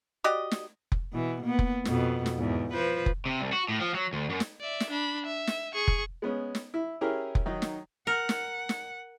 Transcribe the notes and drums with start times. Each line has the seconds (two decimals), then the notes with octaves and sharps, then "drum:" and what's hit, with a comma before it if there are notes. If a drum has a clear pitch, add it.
0.24 F#4 G4 D5 D#5
0.51 drum: snare
0.92 drum: kick F1
1.13 B2 E3
1.44 A#3 B3
1.59 drum: kick F1
1.85 F2 B2, drum: snare
2.26 drum: snare
2.37 E2 G#2
2.73 F3 B4 C5
3.06 drum: kick F1
3.26 C3
3.41 C2
3.53 F#4
3.69 A2
3.80 F3
3.94 F#3
4.13 D2
4.30 F#2
4.40 drum: snare
4.61 D5 E5
4.80 drum: snare
4.90 D4 B5
5.26 E5
5.47 drum: snare
5.74 G#4 C#6
5.88 drum: kick F1
6.22 G#3 B3 C#4
6.55 drum: snare
6.74 E4
7.01 C#4 E4 G4 G#4 A#4
7.35 drum: kick F1
7.46 D#3 F#3 D#4
7.62 drum: snare
8.07 A#4 F#5
8.29 drum: snare
8.69 drum: snare